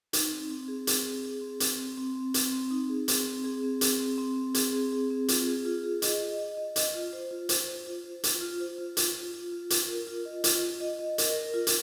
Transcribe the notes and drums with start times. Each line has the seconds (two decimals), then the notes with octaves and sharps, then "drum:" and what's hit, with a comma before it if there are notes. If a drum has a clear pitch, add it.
0.13 D#4, drum: hi-hat
0.31 C4
0.50 C4
0.68 G#4
0.87 C4, drum: hi-hat
1.05 G#4
1.23 G#4
1.41 C4
1.60 C4, drum: hi-hat
1.79 C4
1.97 C4
2.16 C4
2.34 C4, drum: hi-hat
2.52 C4
2.71 D#4
2.89 G#4
3.08 C4, drum: hi-hat
3.26 C4
3.44 G#4
3.63 C4
3.81 G#4, drum: hi-hat
3.99 C4
4.18 C4
4.36 C4
4.54 G#4, drum: hi-hat
4.73 C4
4.92 G#4
5.11 C4
5.28 F4, drum: hi-hat
5.47 G#4
5.65 F4
5.84 G#4
6.02 D#5, drum: hi-hat
6.20 D#5
6.38 D#5
6.57 D#5
6.76 D#5, drum: hi-hat
6.94 F4
7.13 C5
7.31 F4
7.49 C5, drum: hi-hat
7.67 C5
7.86 F4
8.04 C5
8.24 F4, drum: hi-hat
8.41 F4
8.60 C5
8.78 F4
8.97 F4, drum: hi-hat
9.15 F4
9.34 F4
9.52 F4
9.70 F4, drum: hi-hat
9.88 A#4
10.07 F4
10.25 D#5
10.44 F4, drum: hi-hat
10.63 F4
10.80 D#5
10.99 D#5
11.18 A#4, drum: hi-hat
11.36 A#4
11.54 F4
11.67 drum: hi-hat